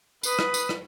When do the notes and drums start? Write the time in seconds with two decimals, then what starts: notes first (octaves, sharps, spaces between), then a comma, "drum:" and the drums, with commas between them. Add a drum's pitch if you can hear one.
0.23 B4 D#6, drum: tambourine
0.39 drum: rim click
0.54 drum: tambourine
0.69 drum: rim click